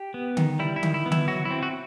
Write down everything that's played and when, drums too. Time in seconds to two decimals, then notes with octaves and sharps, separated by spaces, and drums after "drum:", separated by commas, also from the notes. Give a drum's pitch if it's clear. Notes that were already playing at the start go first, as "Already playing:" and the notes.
Already playing: G4
0.14 B3
0.37 D#3, drum: tom D3
0.59 G3 E4
0.76 E4
0.83 D#3, drum: tom D3
0.94 E4
1.06 B3
1.12 E4, drum: tom D3
1.28 F#3 F#4
1.45 E4
1.51 C4
1.63 F#4